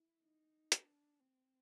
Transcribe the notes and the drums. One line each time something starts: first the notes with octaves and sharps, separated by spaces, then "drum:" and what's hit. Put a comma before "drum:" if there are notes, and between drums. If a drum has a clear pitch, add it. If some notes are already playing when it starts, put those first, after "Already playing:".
Already playing: E4
D#4
D4, drum: hi-hat
C4